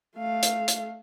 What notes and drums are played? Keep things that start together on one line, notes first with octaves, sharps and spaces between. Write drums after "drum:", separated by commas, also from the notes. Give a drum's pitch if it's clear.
A3 F5
drum: hi-hat
drum: hi-hat